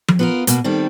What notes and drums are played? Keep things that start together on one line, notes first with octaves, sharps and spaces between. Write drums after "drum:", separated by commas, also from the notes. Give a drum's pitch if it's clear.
drum: tom F3
B3 F4 A#4
B2 A#3, drum: hi-hat
D#3 G3 C4 A4